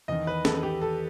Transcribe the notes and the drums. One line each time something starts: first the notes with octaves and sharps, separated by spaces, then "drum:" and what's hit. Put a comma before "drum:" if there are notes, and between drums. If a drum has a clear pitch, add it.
E2 D#3 D#5
B4
A4, drum: snare
G4
A4